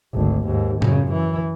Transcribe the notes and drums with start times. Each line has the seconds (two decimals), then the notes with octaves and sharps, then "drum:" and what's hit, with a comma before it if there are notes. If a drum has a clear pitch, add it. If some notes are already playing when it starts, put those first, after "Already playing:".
0.13 G#1 D2
0.46 D#2 G#2
0.82 F#2 C#3, drum: tom A2
1.13 E3